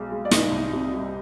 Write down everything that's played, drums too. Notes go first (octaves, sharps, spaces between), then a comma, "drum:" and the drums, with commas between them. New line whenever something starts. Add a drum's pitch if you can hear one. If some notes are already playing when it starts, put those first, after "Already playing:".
Already playing: B1 B2 G#3
G#3
D5
C2 D#4 D#5, drum: snare
C2
C3
G3